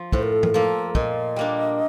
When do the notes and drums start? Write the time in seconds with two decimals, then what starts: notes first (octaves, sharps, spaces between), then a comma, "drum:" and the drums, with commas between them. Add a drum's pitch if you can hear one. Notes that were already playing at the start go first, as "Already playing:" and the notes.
Already playing: F3
0.12 A2 C5, drum: kick
0.23 A#4
0.33 A4
0.43 A#4, drum: tom G2
0.53 F3 A#3 A4
0.95 A#2 D#5, drum: kick
1.36 G3 A#3 D4